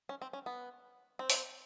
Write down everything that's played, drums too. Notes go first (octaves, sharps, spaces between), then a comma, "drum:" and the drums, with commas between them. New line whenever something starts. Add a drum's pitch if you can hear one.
C#4
C4
C#4
B3
C4
drum: open hi-hat